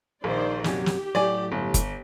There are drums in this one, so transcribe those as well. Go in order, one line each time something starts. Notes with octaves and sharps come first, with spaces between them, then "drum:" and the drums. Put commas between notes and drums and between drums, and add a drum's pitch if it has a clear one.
A#1 D#3 C5 D5
F#2 C3 F#3 G4, drum: snare
drum: snare
A2 F#3 D5 G#5
G1
drum: kick F#1, hi-hat